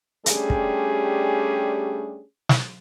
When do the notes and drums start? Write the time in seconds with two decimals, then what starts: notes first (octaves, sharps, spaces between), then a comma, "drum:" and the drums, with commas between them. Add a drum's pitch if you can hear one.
0.26 G3 A3 C#4 D4 G4 G#4, drum: hi-hat
0.50 drum: kick
2.49 drum: snare